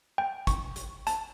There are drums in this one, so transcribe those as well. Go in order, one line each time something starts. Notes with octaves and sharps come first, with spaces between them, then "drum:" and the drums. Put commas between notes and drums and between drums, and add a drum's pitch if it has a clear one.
G5
C#6, drum: kick, hi-hat
drum: hi-hat
A5, drum: hi-hat